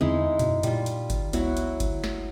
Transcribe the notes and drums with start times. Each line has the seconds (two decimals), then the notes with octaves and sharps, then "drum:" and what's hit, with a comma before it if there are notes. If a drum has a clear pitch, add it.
0.01 E2 D3 G#3 C4 D#4 E4
0.39 F#2 B2, drum: hi-hat
0.63 A#2 G3 F4, drum: hi-hat
0.86 drum: hi-hat
1.10 drum: kick G1, hi-hat
1.33 C#2 F#3 B3 E4 F#4, drum: hi-hat
1.57 drum: hi-hat
1.80 drum: kick G1, hi-hat
2.04 drum: snare